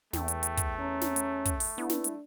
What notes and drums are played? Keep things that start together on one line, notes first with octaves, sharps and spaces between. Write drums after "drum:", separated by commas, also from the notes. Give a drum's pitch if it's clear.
E2 A3 G5, drum: snare
drum: hi-hat
drum: hi-hat
drum: kick, hi-hat
C#4 A#5
drum: snare
drum: hi-hat
drum: kick, hi-hat
drum: open hi-hat
B3 D4 E4
drum: snare
drum: hi-hat